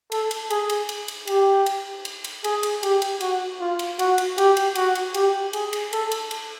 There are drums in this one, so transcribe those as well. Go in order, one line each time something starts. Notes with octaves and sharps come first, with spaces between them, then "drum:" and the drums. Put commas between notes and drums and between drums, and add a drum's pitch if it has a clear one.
A4, drum: cymbal
drum: cymbal
G#4, drum: cymbal
drum: cymbal
drum: cymbal
drum: cymbal
G4, drum: cymbal
drum: cymbal
drum: cymbal
drum: cymbal
G#4, drum: cymbal
drum: cymbal
G4, drum: cymbal
drum: cymbal
F#4, drum: cymbal
F4
drum: cymbal
F#4, drum: cymbal
drum: cymbal
G4, drum: cymbal
drum: cymbal
F#4, drum: cymbal
drum: cymbal
G4, drum: cymbal
G#4, drum: cymbal
drum: cymbal
A4, drum: cymbal
drum: cymbal
drum: cymbal